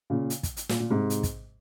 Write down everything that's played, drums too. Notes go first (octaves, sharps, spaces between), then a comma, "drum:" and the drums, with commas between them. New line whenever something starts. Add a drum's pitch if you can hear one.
A#2 C#3
drum: hi-hat
drum: kick, hi-hat
drum: hi-hat
A#2, drum: snare
A#2
G#2 C3
drum: hi-hat
drum: kick, hi-hat